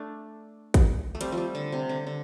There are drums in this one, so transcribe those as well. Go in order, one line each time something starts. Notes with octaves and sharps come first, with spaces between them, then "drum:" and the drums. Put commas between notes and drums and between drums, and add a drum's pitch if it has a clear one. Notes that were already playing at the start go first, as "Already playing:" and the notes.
Already playing: A3 D4
drum: kick, hi-hat
A3
G3 C4, drum: hi-hat
F3
G3
D3
C3
D3
D3